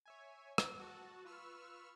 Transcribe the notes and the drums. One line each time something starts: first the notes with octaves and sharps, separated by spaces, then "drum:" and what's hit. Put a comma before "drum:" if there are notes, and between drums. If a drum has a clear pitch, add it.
C#5 E5 G#5
drum: rim click
F#4 A5
F4 B4 C#6 E6 F6